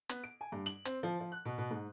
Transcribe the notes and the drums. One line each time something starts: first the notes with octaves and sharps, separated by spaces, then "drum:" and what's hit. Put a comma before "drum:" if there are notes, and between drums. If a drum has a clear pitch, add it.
B3, drum: hi-hat
D7
G#5
G2
F#7
C4, drum: hi-hat
F3
F3
F#6
B2
B2
G#2